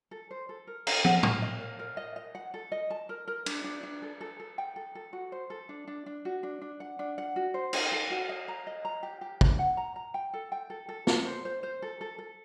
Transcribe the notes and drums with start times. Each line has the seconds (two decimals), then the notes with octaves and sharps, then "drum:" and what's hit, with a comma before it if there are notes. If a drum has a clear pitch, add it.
0.11 A4
0.31 C5
0.49 A4
0.67 A#4
0.87 A#5, drum: cymbal
1.05 F#5, drum: tom
1.23 A#4, drum: tom
1.42 D#5
1.61 A#4
1.79 A#4
1.97 D#5
2.16 D#5
2.35 F#5
2.54 A4
2.72 D#5
2.90 A5
3.09 A#4
3.28 A#4
3.46 D4, drum: cymbal
3.64 D4
3.83 D4
4.02 A4
4.21 A4
4.40 A4
4.58 G5
4.76 A4
4.95 A4
5.13 F#4
5.32 C5
5.50 A4
5.69 D4
5.87 D4
6.06 D4
6.25 F#4
6.43 D4
6.61 D4
6.80 F#5
6.99 D4
7.18 F#5
7.36 F#4
7.54 C5
7.73 D#4, drum: cymbal
7.92 A4
8.10 F#4
8.29 D#5
8.48 A#5
8.67 D#5
8.85 A#5
9.03 G4
9.21 G4
9.41 D4, drum: kick
9.59 F#5
9.77 A#5
9.96 A#5
10.14 G5
10.34 A4
10.52 G5
10.70 A4
10.89 A4
11.07 A4, drum: snare
11.26 C5
11.45 C5
11.63 C5
11.82 A4
12.01 A4
12.18 A4